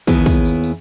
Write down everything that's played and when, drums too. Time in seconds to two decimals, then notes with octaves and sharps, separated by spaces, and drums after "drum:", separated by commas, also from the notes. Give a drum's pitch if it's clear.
0.07 D#2 B3 E4 G#4, drum: kick, tambourine
0.26 drum: kick, tambourine
0.45 drum: tambourine
0.64 drum: tambourine